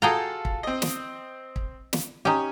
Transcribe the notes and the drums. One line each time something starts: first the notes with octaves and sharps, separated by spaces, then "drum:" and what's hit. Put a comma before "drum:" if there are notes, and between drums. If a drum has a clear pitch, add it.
F4 F#4 G#4 A4 G5 A#5
drum: kick
C4 D#5
drum: snare
drum: kick
drum: snare
C#4 D#4 G4